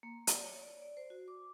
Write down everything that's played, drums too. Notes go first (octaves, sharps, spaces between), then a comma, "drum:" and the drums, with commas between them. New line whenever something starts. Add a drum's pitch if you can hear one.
A#3
D5, drum: hi-hat
C#5
D5
D5
C5
F#4
D6